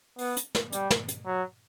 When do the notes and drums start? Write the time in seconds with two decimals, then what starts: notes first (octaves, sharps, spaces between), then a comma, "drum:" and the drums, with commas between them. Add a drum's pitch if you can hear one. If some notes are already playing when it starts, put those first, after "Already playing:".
0.19 B3, drum: open hi-hat
0.37 drum: hi-hat
0.55 drum: snare
0.72 G3, drum: hi-hat
0.91 drum: snare
1.08 drum: hi-hat
1.26 F#3